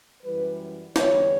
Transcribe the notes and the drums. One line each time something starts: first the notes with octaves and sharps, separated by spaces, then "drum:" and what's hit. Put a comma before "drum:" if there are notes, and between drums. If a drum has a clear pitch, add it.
F#2 E3 G3 B4
E2 D3 G3 C#5, drum: snare